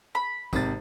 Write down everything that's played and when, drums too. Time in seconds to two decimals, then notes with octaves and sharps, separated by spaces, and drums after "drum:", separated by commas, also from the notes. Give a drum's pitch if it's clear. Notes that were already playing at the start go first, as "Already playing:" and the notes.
0.15 B5
0.53 G#1 C3 A6, drum: kick, tambourine